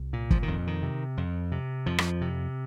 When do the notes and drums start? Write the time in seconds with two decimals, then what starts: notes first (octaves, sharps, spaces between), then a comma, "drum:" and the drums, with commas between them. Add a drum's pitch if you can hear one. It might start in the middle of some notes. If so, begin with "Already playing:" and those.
Already playing: C2
0.13 A#2
0.31 F3, drum: kick
0.43 D#3
0.48 F2
0.67 D#3
0.83 C3
1.17 F2
1.52 C3
1.86 F2 F3
1.98 drum: rim click
2.21 C3